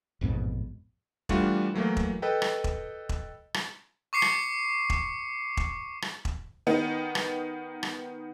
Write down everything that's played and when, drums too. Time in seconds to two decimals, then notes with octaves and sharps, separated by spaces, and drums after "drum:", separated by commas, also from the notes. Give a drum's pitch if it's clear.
0.21 A1 F2 G#2 B2
1.29 E3 G3 A3 D4 F4 F#4, drum: kick E1
1.74 E3 F#3 A3 A#3
1.97 drum: kick E1
2.22 A4 B4 D#5 G5
2.42 drum: rim click
2.64 drum: kick E1
3.09 drum: kick E1
3.54 drum: rim click
4.13 C#6 D6 C7 C#7
4.22 drum: rim click
4.90 drum: kick E1
5.57 drum: kick E1
6.02 drum: rim click
6.25 drum: kick E1
6.67 D#3 B3 D#4
7.15 drum: rim click
7.83 drum: rim click